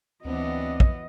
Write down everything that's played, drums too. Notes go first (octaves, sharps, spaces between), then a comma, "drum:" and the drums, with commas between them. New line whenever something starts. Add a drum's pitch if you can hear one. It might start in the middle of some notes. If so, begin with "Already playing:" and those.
D2 E3 F#3 B3 C4 D4 D#5
drum: kick